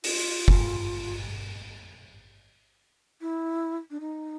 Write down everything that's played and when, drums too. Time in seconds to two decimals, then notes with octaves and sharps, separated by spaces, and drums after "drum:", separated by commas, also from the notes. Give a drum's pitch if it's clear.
0.04 F4, drum: open hi-hat
0.48 drum: kick F#1
3.21 E4
3.91 D4
4.00 D#4